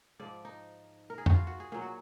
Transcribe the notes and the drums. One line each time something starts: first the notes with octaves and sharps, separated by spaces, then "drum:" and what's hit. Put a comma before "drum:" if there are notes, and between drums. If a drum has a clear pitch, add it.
G#2 F3 D5
D#4
A#4
G#4
F#4, drum: tom F2
F4
F#4
G#4
A#2 F#3 G#4
F#4